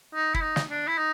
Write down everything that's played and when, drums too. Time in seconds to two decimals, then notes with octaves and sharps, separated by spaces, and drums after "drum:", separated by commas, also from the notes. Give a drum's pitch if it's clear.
0.14 D#4
0.34 E4, drum: kick
0.42 D#4
0.56 drum: snare
0.70 D4
0.87 E4
0.98 D#4